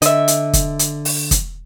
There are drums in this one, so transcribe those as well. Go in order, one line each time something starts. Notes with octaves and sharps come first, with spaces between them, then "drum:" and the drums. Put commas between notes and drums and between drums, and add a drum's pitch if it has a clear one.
D3 D#5 E5, drum: hi-hat
drum: hi-hat
drum: kick, hi-hat
drum: hi-hat
drum: open hi-hat
drum: kick, hi-hat